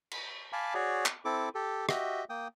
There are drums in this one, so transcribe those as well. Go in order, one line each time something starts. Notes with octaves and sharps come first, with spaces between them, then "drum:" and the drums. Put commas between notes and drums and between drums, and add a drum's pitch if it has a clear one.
drum: cymbal
F5 G#5 A5 B5 D6
F#4 G#4 C#5 D5
drum: clap
C4 E4 A4 D6
G4 A4
F#4 G4 D#5 E5, drum: rim click
A#3 G5 D#6